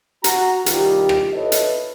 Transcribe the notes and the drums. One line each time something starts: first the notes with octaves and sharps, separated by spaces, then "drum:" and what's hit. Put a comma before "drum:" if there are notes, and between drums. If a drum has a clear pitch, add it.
F#4 A#5, drum: hi-hat
C2 D#3 F4 G4, drum: hi-hat
drum: rim click
E4 A4 B4 C#5 D#5
drum: hi-hat